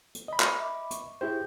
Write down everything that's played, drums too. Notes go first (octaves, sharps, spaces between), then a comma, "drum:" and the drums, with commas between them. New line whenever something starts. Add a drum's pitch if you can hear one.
drum: hi-hat
D#5 B5
drum: clap
E5 D6
C#6, drum: hi-hat
E4 G4 G#4 C5 G5 G6